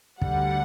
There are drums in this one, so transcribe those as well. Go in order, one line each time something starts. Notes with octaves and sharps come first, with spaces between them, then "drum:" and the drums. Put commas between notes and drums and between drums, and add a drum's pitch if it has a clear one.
D2 D3 G3 F#5, drum: kick